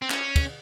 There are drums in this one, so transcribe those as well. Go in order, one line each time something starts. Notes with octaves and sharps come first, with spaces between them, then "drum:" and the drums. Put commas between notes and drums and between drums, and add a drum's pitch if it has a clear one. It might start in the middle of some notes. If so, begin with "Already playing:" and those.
C4
C#4, drum: clap
drum: kick, cymbal